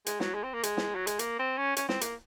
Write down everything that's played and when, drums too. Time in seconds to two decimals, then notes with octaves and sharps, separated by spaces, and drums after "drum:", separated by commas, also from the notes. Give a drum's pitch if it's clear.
0.06 G#3, drum: hi-hat
0.20 F#3, drum: snare
0.34 G#3
0.43 C4
0.54 A#3
0.63 G#3, drum: hi-hat
0.77 drum: snare
0.95 F#3
1.07 G#3, drum: hi-hat
1.19 A#3, drum: hi-hat
1.39 C4
1.58 C#4
1.77 C#4, drum: hi-hat
1.89 C4, drum: snare
2.01 A#3, drum: hi-hat